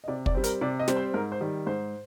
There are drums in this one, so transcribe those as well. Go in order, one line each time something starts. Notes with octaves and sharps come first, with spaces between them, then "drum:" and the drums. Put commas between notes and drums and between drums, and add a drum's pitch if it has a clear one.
D#5
C3 D5
D5, drum: kick
G3 C4
A#4, drum: hi-hat
C3 D5
D#5
G3 C4, drum: snare
C5
G#2 A#4
C5
D#3 G3
G#2 C5